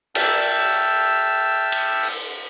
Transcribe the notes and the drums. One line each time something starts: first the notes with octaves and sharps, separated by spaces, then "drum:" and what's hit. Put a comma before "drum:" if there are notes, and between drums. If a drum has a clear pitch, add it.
E5 G5 A5 E6 F6, drum: cymbal
drum: cymbal
drum: open hi-hat